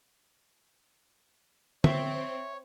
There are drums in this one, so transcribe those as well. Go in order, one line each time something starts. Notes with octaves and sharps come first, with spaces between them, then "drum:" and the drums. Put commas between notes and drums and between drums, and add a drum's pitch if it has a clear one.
C4 C#5 E5, drum: tom D3